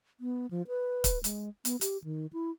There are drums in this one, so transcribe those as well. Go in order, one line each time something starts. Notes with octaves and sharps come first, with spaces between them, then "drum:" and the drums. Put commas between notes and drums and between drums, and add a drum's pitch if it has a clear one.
B3
F3
B4
drum: kick, hi-hat
G#3, drum: hi-hat
B3, drum: hi-hat
G4, drum: hi-hat
D#3
E4